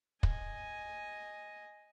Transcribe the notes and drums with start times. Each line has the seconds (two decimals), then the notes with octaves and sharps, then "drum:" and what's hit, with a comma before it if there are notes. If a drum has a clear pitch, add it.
0.23 D#5 G#5, drum: kick